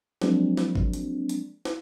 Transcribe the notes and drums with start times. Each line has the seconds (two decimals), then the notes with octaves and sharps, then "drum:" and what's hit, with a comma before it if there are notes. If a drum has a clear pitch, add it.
0.21 F3 F#3 G#3 A#3 C4 D4, drum: snare
0.57 drum: snare
0.75 drum: kick G#1
0.93 drum: hi-hat
1.29 drum: hi-hat
1.65 drum: snare